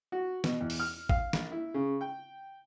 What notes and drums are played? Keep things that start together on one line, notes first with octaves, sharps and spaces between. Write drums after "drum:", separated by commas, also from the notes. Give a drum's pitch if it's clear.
F#4
B2, drum: snare
E2
drum: open hi-hat
F6
F5, drum: kick A1
A#1, drum: snare
E4
C#3
G5